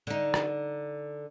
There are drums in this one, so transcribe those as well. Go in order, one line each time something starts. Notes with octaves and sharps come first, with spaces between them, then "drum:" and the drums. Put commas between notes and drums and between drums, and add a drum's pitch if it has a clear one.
D3 D#4
drum: rim click